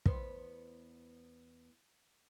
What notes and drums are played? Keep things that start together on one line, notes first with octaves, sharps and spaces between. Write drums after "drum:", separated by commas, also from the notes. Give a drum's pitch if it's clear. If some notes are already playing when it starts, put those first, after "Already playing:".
E2 B3 C5, drum: kick